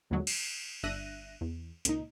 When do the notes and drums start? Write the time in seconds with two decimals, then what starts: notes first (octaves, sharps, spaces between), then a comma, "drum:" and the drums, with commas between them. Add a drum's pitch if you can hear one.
0.10 A#1 D#2 A#2 D3 F#3 G#3
0.27 C7, drum: cymbal
0.83 G1 D4 E5 F#6 A#6 D#7
1.41 E2
1.85 C#2 A#2 D#4, drum: hi-hat